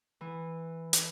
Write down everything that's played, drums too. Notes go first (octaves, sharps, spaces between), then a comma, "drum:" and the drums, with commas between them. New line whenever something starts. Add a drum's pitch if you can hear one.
E3
drum: hi-hat